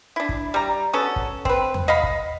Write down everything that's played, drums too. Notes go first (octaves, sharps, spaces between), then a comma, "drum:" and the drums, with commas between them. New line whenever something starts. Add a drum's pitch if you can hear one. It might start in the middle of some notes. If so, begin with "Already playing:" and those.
D4 E4
drum: kick
G3 A#5
B3 C#4 F#4 A4
drum: kick
C4 B4, drum: kick
drum: tom E2
D#5 F5 F#5 B5
drum: kick